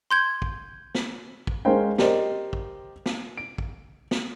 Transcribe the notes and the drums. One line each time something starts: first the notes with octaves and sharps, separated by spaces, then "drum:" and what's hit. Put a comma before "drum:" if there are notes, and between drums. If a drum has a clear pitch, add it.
C6 G6 G#6
drum: kick
drum: snare
drum: kick
G#3 C#4 A#4 C5 F5 G5
G4 A#4 C5 D5 D#5, drum: snare
drum: kick
drum: snare
D7
drum: kick
drum: snare